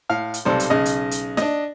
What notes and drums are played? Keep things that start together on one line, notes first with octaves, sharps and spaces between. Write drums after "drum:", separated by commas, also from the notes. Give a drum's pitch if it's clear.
A2 F5 F6
drum: hi-hat
B1 C3 G3 A4 C5
drum: hi-hat
B1 C#3 D#5
drum: hi-hat
drum: hi-hat
D4 D#5, drum: snare